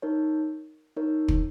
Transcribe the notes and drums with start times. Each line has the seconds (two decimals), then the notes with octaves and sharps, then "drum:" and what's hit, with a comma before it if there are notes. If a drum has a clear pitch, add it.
0.02 D#4 A#4 C#5
0.97 D#4 A#4 C#5
1.28 drum: kick